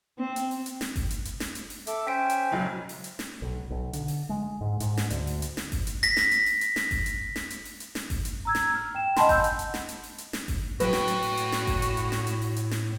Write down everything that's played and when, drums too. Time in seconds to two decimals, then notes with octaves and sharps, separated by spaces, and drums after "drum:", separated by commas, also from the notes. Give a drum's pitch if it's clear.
0.18 C4
0.36 drum: hi-hat
0.51 drum: open hi-hat
0.66 drum: hi-hat
0.81 drum: snare
0.96 drum: kick G1, open hi-hat
1.10 drum: hi-hat
1.25 drum: hi-hat
1.40 drum: snare
1.55 drum: hi-hat
1.70 drum: open hi-hat
1.87 A4 E5 D6, drum: hi-hat
2.07 C#4 C5 G5 B6 D7
2.30 drum: hi-hat
2.51 F#1 B1 F#3
2.89 drum: open hi-hat
3.04 drum: hi-hat
3.19 drum: snare
3.42 B1
3.70 B1
3.93 D3, drum: hi-hat
4.08 drum: open hi-hat
4.29 G#3
4.61 G#2
4.80 G#2, drum: hi-hat
4.97 drum: snare
5.10 D2, drum: hi-hat
5.27 drum: open hi-hat
5.42 drum: hi-hat
5.57 drum: snare
5.72 drum: kick G1, open hi-hat
5.87 drum: hi-hat
6.03 A#6 B6, drum: hi-hat
6.17 drum: snare
6.31 drum: hi-hat
6.46 drum: open hi-hat
6.61 drum: hi-hat
6.76 drum: snare
6.91 drum: kick G1, open hi-hat
7.06 drum: hi-hat
7.36 drum: snare
7.50 drum: hi-hat
7.65 drum: open hi-hat
7.80 drum: hi-hat
7.95 drum: snare
8.10 drum: kick G1, open hi-hat
8.25 drum: hi-hat
8.45 A#5 E6 G#6
8.55 drum: snare
8.75 F6
8.95 G5 E7
9.16 D#5 F#5 G#5 A5 B5 C6, drum: snare
9.29 E6 G6, drum: kick G1, open hi-hat
9.44 drum: hi-hat
9.59 drum: hi-hat
9.74 drum: snare
9.89 drum: hi-hat
10.03 drum: open hi-hat
10.18 drum: hi-hat
10.33 drum: snare
10.48 drum: kick G1, open hi-hat
10.80 A2 F#3 F#4 B4 G5, drum: hi-hat
10.93 drum: snare
11.08 drum: hi-hat
11.23 drum: open hi-hat
11.37 drum: hi-hat
11.52 drum: snare
11.67 drum: kick G1, open hi-hat
11.82 drum: hi-hat
11.97 drum: hi-hat
12.12 drum: snare
12.27 drum: hi-hat
12.42 drum: open hi-hat
12.56 drum: hi-hat
12.71 drum: snare